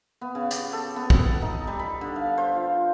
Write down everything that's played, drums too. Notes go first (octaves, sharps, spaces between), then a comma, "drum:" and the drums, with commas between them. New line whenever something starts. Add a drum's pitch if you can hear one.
B3
C#3
G4, drum: hi-hat
A4
B3
drum: kick
D#4
G3
B5
D3
F5
C5
F4